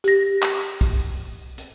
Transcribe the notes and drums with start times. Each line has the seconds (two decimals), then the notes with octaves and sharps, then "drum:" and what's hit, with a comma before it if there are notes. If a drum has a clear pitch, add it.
0.04 G4 A#6, drum: hi-hat
0.43 drum: clap
0.81 drum: kick, open hi-hat
1.58 drum: hi-hat